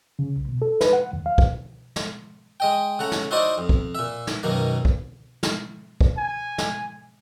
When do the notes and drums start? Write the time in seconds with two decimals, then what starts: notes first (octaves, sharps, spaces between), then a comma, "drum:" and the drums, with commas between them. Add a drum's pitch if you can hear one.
0.19 C#3
0.36 C2
0.49 B2
0.62 A4
0.81 B4, drum: snare
0.93 F#5
1.13 D#2
1.26 F5
1.38 drum: kick
1.96 drum: snare
2.60 G#3 D#5 G5
2.99 C#3 A3 F#5 A#5
3.12 drum: snare
3.31 D#4 E4 F#4 C5 D5 D#5
3.58 F2
3.69 drum: kick
3.95 A#2 E5
4.27 drum: snare
4.43 F#2 B2 D#3 F#3 A#3
4.85 drum: kick
5.43 drum: snare
6.01 drum: kick
6.17 G#5
6.58 drum: snare